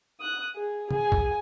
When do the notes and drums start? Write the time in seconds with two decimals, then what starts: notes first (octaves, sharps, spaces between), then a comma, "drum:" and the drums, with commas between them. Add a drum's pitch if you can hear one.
0.20 D#6 F#6
0.56 G#4
0.91 G#4 G#5, drum: tom C3
1.12 drum: kick